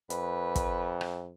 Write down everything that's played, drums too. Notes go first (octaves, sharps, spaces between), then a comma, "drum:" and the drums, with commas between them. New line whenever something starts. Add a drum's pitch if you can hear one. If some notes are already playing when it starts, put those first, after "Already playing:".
F2 B4, drum: hi-hat
drum: kick, hi-hat
drum: rim click